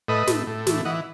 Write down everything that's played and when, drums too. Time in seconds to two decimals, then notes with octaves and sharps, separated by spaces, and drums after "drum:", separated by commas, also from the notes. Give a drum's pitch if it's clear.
0.08 A2 B4 D#5
0.27 A2, drum: snare
0.47 A2
0.67 E3, drum: snare
0.85 E3 D#5 F#5